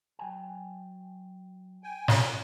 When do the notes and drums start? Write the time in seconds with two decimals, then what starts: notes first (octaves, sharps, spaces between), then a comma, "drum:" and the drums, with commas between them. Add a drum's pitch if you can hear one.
0.19 F#3 G5 G#5
1.83 G5 G#5
2.08 drum: snare